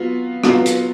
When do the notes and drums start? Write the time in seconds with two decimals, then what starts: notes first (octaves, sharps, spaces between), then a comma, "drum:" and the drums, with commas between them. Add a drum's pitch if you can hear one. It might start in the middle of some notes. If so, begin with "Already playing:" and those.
Already playing: F#3 B3 F4
0.44 F#3 B3 F4, drum: rim click
0.66 drum: hi-hat